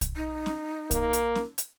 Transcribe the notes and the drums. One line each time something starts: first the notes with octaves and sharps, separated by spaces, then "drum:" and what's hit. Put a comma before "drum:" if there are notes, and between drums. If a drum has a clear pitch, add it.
drum: kick, hi-hat
D#4
drum: snare C#4
A#3, drum: kick, hi-hat
drum: hi-hat
drum: snare C#4
drum: hi-hat